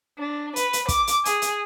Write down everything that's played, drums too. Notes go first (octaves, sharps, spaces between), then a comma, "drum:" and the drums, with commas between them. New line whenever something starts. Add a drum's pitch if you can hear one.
D4
B4, drum: hi-hat
drum: hi-hat
D6, drum: kick, hi-hat
drum: hi-hat
G#4, drum: hi-hat
drum: hi-hat